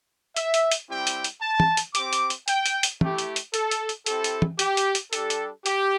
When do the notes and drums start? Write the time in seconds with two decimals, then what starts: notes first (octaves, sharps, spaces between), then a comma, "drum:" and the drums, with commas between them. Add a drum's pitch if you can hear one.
0.37 E5, drum: hi-hat
0.54 drum: hi-hat
0.71 drum: hi-hat
0.89 G3 C4 E4 G4 G5
1.07 drum: hi-hat
1.24 drum: hi-hat
1.41 A5
1.60 drum: tom
1.77 drum: hi-hat
1.95 C4 G4 D6, drum: hi-hat
2.13 drum: hi-hat
2.30 drum: hi-hat
2.48 G5, drum: hi-hat
2.66 drum: hi-hat
2.83 drum: hi-hat
3.01 A3 E4 G4, drum: tom
3.18 drum: hi-hat
3.36 drum: hi-hat
3.54 A4, drum: hi-hat
3.71 drum: hi-hat
3.89 drum: hi-hat
4.06 C4 E4 G4 A4, drum: hi-hat
4.24 drum: hi-hat
4.42 drum: tom
4.59 G4, drum: hi-hat
4.77 drum: hi-hat
4.95 drum: hi-hat
5.13 G3 D4 G4 A4, drum: hi-hat
5.30 drum: hi-hat
5.66 G4, drum: hi-hat